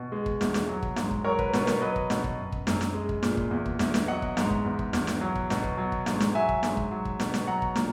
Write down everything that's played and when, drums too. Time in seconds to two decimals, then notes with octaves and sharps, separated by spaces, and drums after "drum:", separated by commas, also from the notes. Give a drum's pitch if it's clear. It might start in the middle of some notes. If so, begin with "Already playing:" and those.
Already playing: B2
0.12 G#3
0.26 drum: kick
0.41 E2, drum: snare
0.54 drum: snare
0.69 F#3
0.83 drum: kick
0.96 G#2, drum: snare
1.11 drum: kick
1.25 F#3 A#4 C#5
1.39 B4, drum: kick
1.53 B2 B4, drum: snare
1.67 A#4 C#5, drum: snare
1.81 F#3 B4 D#5
1.96 drum: kick
2.10 B2, drum: snare
2.24 drum: kick
2.38 F#2
2.52 drum: kick
2.67 F#2, drum: snare
2.81 drum: snare
2.94 G#3
3.09 drum: kick
3.23 A#2, drum: snare
3.37 drum: kick
3.51 E2
3.66 drum: kick
3.79 E2, drum: snare
3.94 drum: snare
4.07 F#3 D#5 F#5
4.22 drum: kick
4.37 G#2, drum: snare
4.51 drum: kick
4.65 E2
4.79 drum: kick
4.93 E2, drum: snare
5.07 drum: snare
5.21 F#3
5.35 drum: kick
5.50 B2, drum: snare
5.64 drum: kick
5.78 F#3
5.92 drum: kick
6.06 G#2, drum: snare
6.20 drum: snare
6.35 F#3 E5 G#5
6.49 drum: kick
6.63 G#2, drum: snare
6.77 drum: kick
6.91 F#3
7.05 drum: kick
7.20 B2, drum: snare
7.34 drum: snare
7.47 F#3 F#5 A#5
7.62 drum: kick
7.75 A#2, drum: snare